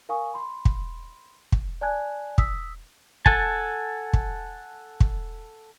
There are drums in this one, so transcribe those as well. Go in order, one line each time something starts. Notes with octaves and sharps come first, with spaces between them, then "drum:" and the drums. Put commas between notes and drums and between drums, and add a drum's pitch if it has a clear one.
A#4 F5 G#5 C#6 D#6
B5 C6
drum: kick
drum: kick
D5 G#5 A5 F#6 G#6
D#6 E6 B6, drum: kick
A4 F#5 G#5 A5, drum: kick
drum: kick
drum: kick